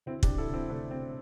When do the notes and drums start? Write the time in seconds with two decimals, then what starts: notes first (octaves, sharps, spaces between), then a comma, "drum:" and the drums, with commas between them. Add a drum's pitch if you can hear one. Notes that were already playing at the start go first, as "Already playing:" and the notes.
0.06 D2 C4 E4
0.23 D4 G4, drum: kick
0.28 D2
0.38 E4 A4
0.49 D2 C4 E4
0.70 C3 A3 D4
0.90 C3 C4